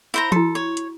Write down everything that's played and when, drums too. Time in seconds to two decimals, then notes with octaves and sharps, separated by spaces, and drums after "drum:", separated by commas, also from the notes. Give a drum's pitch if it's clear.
0.14 E4 C5 A#5
0.32 E4 F#4 A4, drum: tom E3
0.55 C#5
0.77 drum: hi-hat